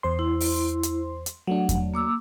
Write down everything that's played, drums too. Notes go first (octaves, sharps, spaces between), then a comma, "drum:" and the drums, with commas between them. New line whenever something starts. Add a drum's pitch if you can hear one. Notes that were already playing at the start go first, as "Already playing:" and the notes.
E2 C5 C6
E4
drum: open hi-hat
drum: hi-hat
drum: hi-hat
F#3 A3 D4 F#5
drum: kick E2, hi-hat
A#3 D6 E6